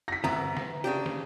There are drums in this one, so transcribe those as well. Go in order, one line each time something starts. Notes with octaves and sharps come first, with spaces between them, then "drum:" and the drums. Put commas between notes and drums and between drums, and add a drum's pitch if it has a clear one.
A#6 B6
C2 E3 B3 A#5, drum: snare
drum: snare
C#3 D4 G4
drum: snare